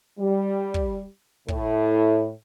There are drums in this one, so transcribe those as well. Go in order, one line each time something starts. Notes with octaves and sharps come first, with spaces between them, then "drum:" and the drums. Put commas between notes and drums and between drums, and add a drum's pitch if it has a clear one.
G3
drum: kick
A2, drum: kick